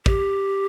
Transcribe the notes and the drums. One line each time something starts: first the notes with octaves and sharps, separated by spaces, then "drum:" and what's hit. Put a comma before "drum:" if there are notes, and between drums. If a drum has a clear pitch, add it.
G4, drum: kick